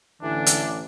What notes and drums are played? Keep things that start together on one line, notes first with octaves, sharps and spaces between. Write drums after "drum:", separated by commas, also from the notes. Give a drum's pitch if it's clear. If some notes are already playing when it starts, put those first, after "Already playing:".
A1 D3 E3 D4
drum: hi-hat